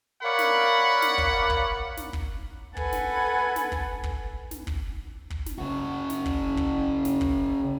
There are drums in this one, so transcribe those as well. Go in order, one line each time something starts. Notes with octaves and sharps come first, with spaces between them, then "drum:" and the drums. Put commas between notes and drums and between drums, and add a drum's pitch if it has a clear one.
A#4 C#5 D5 F5 F#5 B5
drum: snare
drum: snare
drum: kick
drum: kick
drum: snare
drum: kick
A4 B4 F#5 G#5, drum: kick
drum: snare
drum: snare
drum: kick
drum: kick
drum: snare
drum: kick
drum: kick
drum: snare
C#3 F#4
drum: snare
drum: kick
drum: kick
drum: snare
drum: kick